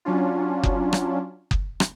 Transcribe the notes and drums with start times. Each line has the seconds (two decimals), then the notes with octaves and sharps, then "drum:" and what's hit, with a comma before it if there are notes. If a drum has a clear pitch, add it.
0.05 F#3 C#4 D4 F4
0.63 drum: kick F#1
0.93 drum: rim click
1.51 drum: kick F#1
1.80 drum: rim click